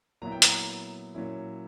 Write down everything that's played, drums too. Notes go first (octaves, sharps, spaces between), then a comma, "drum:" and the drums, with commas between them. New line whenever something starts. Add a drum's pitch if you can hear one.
A#2 F#3 B3 E4 A#5
G5
A#5, drum: hi-hat
A#2 F#3 C#4 E4